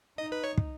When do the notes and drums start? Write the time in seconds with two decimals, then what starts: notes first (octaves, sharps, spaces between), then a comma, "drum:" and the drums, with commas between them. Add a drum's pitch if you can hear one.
0.18 D#4 D#5
0.32 B4
0.44 C#5
0.58 drum: kick